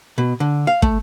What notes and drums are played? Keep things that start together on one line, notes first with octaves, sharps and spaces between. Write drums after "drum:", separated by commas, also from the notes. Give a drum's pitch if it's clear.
B2
D3
F5
A3, drum: kick